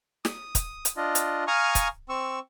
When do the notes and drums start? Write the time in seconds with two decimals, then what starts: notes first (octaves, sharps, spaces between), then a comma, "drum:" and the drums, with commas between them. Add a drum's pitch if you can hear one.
0.25 D#6, drum: snare
0.55 drum: kick, hi-hat
0.85 drum: hi-hat
0.97 D4 F4 D#5
1.15 drum: hi-hat
1.47 F5 G#5 A#5 C#6 D#6 F6
1.75 drum: kick, hi-hat
2.09 C4 C#6 E6